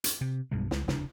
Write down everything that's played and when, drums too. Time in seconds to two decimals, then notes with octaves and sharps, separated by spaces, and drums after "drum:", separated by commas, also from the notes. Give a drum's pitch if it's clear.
0.04 drum: hi-hat
0.21 C3
0.51 B1 G2 B2 G#3
0.71 C#2, drum: snare
0.88 F1 D#2 C#3 D4, drum: snare